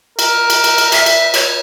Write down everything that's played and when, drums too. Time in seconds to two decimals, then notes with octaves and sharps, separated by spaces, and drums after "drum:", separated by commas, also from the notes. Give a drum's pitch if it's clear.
0.19 A#4, drum: cymbal
0.50 drum: cymbal
0.64 drum: cymbal
0.78 drum: cymbal
0.92 E5, drum: cymbal
1.06 drum: cymbal
1.34 C#5, drum: cymbal